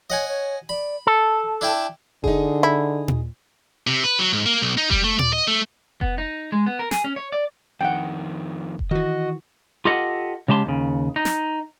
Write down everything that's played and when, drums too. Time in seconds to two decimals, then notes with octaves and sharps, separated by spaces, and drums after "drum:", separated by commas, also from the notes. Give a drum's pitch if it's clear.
0.10 C#5 D#5 F#5 G#5
0.28 C#5
0.69 D5 B5
1.07 A4 A5
1.61 D4 E4 G5
2.24 D3 D#4 G#4, drum: kick F1
2.63 E4
3.08 drum: tom A#2
3.87 C3
4.04 B4
4.19 F#3
4.33 G#2
4.46 A#3
4.62 B1
4.78 D#4
4.91 G3, drum: kick F1
5.04 A3
5.19 D5, drum: tom A#2
5.33 D#5
5.48 A3
6.01 B3, drum: kick F1
6.18 D#4
6.52 G#3
6.66 B3
6.79 A#4
6.91 G#4, drum: snare
7.04 C#4
7.16 C#5
7.32 D5
7.81 F2 D#3 F#5 G5
8.79 drum: kick F1
8.91 D#3 E3 F#4 D#5
9.85 F4 G4 A4 D#5 F#5
10.48 C#3 G#3 G4 A5 C6
10.66 D#2 C#3
11.16 D#4
11.25 drum: snare